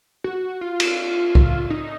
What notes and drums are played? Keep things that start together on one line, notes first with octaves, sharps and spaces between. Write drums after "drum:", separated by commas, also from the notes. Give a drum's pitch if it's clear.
F#4
F4
drum: cymbal
drum: kick C2
D#4